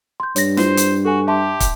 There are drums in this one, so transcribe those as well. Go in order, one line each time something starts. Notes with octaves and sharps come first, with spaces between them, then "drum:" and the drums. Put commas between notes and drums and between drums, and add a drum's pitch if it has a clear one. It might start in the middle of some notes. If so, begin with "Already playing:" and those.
C6 G6
G2 C#5 A#6, drum: hi-hat
E4 F4 C5, drum: snare
drum: hi-hat
F#4 A4 G#5
G4 E5 A5 C6
drum: kick, hi-hat